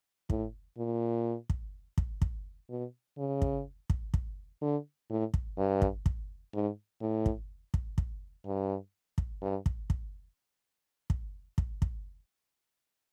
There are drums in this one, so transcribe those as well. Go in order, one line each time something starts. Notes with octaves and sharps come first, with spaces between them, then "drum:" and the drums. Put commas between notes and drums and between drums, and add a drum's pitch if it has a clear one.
A2, drum: kick
A#2
drum: kick
drum: kick
drum: kick
B2
C#3
drum: kick
drum: kick
drum: kick
D3
A2
drum: kick
G2
drum: kick
drum: kick
G#2
A2
drum: kick
drum: kick
drum: kick
G2
drum: kick
G2
drum: kick
drum: kick
drum: kick
drum: kick
drum: kick